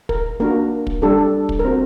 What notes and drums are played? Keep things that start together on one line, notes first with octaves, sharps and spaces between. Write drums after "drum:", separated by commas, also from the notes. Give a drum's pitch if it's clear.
A#4, drum: kick
A#3 D4 F#4 A#4
drum: kick
G3 D4 G4 A4
A4
drum: kick
A#4
C4 F#4 C5